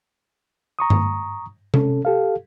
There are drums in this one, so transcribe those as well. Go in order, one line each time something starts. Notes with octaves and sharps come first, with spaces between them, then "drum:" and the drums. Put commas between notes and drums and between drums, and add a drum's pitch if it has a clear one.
A#5 C#6 D#6
drum: tom G2
C3 C#4 A4, drum: tom C3
G4 A4 F5